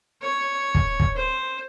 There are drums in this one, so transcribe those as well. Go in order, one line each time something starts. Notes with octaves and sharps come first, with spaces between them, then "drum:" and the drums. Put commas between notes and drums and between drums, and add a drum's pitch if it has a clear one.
C#5
drum: kick
drum: kick
C5